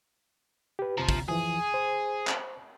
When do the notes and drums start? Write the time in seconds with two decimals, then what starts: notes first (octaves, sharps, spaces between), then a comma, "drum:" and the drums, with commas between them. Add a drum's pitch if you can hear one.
0.79 G4 B4
0.98 D2 C3 F3 F4 A#5
1.09 drum: kick, open hi-hat
1.29 E3 F3 G#4
1.74 C5
2.27 drum: clap